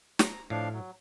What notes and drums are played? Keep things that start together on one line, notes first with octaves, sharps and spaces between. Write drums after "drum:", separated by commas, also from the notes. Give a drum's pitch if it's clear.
A#5, drum: snare
A2 F3 D4 F5
F#3